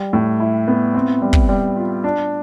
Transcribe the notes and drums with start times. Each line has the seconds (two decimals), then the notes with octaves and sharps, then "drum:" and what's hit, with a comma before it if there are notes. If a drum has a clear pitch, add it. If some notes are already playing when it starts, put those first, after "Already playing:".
Already playing: G3
0.13 A2
0.40 E4
0.68 B3
0.94 C4
1.22 G3
1.33 drum: kick
1.49 G3
1.76 F4
2.04 D4